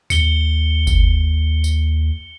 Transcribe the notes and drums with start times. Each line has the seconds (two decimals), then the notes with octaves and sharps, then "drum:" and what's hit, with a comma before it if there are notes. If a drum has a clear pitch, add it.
0.10 D#2 C#7 G7, drum: tambourine
0.87 drum: kick G1, tambourine
1.64 drum: tambourine